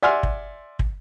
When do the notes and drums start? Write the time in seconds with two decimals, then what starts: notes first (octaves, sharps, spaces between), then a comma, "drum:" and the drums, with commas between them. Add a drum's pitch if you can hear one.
0.02 D5 E5 F#5 G#5 C6 F6
0.23 drum: kick
0.79 drum: kick